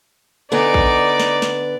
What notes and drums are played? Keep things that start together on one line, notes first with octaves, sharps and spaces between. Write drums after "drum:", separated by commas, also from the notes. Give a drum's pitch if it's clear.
D3 B3 D#4 D5 G#5 D6
drum: kick A1
drum: snare
drum: snare